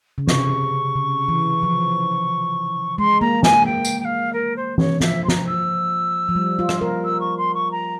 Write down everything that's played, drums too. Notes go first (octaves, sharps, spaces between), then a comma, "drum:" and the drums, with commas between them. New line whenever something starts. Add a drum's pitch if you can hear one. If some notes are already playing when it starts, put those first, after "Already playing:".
C#3
C3 C#6, drum: snare
C#3
E3
F3
G#3 C6
A#3 A#5
G#5, drum: snare
G5
drum: tambourine
G5
F5
A#4
C5
C#5, drum: tom E3
F3 E5, drum: snare
C6
A#5, drum: snare
F3
E6
F3
G3
F4
drum: rim click
A#4
E6
C#6
C6
C#6
A#5